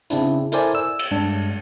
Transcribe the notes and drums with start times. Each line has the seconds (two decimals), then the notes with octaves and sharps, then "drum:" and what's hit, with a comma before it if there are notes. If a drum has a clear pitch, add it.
0.10 C#3 C4 D4 E4, drum: hi-hat
0.52 E4 A4 A#4 C5 D5 G#5, drum: hi-hat
0.75 E6
0.99 drum: cymbal
1.11 G2 G#3 D4